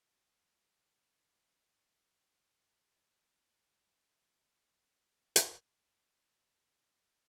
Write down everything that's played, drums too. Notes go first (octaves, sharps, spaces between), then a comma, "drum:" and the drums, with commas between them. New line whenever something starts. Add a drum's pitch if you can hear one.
C#4
B3
A#3
B3
A#3
A3
G#3
G3
drum: hi-hat
F#3
F#3
E3
F3
G3
F#3